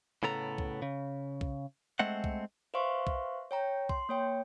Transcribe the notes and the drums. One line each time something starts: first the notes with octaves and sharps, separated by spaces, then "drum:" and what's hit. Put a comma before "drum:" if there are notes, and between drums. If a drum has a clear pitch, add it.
A2 C#3 B3 A4 A#5
drum: kick B1
C#3
drum: kick B1
G#3 A3 C4 F#5
drum: kick B1
B4 C5 E5 F5 C6 C#6
drum: kick B1
C#5 G5 A#5
C6, drum: kick B1
A#3 C#5 G5